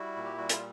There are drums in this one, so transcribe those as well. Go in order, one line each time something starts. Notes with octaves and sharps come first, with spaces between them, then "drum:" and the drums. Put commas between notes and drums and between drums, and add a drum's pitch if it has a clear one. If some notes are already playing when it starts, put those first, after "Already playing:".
Already playing: G3 E4 F#4
A#2
G4
G3 F#4
F4, drum: hi-hat